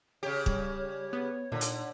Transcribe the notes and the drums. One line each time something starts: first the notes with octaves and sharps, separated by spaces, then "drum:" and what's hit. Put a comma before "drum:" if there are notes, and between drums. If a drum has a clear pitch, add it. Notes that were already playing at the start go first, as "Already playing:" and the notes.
C#3 G4 C#5
G3, drum: kick
B3
A#2 D3 D#4
drum: hi-hat